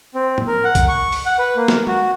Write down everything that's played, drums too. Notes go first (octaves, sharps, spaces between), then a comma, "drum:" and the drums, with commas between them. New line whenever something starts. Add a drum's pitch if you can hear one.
C4
drum: tom
A#4
F#5
drum: kick, hi-hat
C#6
drum: open hi-hat
F#5
B4
A#3
drum: snare
F#4, drum: tom